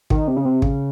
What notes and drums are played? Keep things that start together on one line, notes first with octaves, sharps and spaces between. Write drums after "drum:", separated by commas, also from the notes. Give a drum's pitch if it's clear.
D#3, drum: kick
C3
C#3
C3
C#3, drum: kick